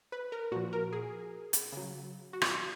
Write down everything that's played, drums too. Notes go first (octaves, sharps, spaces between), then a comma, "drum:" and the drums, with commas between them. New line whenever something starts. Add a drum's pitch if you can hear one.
B4
A#4
A#2 F3 F#4
A#4
G#4
drum: hi-hat
C#3 F#3
F#4
F4, drum: rim click